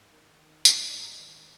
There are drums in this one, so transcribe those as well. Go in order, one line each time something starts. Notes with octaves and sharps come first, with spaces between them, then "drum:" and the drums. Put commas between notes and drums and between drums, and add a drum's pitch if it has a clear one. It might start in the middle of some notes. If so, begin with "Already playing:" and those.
Already playing: G#2
D#3
D#3
G#2 E4, drum: tambourine
D#4
G#2 D4
D#4
D#3